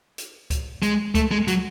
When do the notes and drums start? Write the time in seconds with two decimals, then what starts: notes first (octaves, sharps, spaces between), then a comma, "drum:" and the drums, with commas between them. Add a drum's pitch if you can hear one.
0.18 drum: hi-hat
0.50 drum: kick C#2, hi-hat
0.83 G#3, drum: hi-hat
1.15 A3, drum: kick C#2, hi-hat
1.31 G#3
1.48 F#3, drum: hi-hat